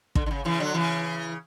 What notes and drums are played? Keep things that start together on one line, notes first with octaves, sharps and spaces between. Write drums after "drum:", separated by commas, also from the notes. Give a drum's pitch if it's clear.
D3, drum: kick
D3
C#3
C#3 E3
D3 F#3
C#3 E3